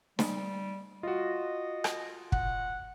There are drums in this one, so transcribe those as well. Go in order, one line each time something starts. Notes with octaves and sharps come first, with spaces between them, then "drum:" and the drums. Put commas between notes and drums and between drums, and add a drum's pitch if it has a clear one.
G3, drum: snare
F4 F#4 D#5
drum: rim click
F#5, drum: kick